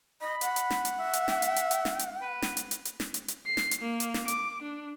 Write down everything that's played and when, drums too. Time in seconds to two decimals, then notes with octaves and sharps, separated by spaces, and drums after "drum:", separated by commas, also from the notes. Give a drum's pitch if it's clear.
0.21 D#5 B5
0.41 F#5, drum: hi-hat
0.56 drum: hi-hat
0.70 drum: snare
0.85 drum: hi-hat
0.99 E5
1.13 drum: hi-hat
1.28 drum: snare
1.42 drum: hi-hat
1.56 drum: hi-hat
1.71 drum: hi-hat
1.85 drum: snare
1.99 drum: hi-hat
2.21 B4
2.42 drum: snare
2.57 drum: hi-hat
2.71 drum: hi-hat
2.85 drum: hi-hat
3.00 drum: snare
3.14 drum: hi-hat
3.28 drum: hi-hat
3.47 C7
3.57 drum: snare
3.71 drum: hi-hat
3.82 A#3
4.00 drum: hi-hat
4.14 drum: snare
4.28 D6, drum: hi-hat
4.63 D4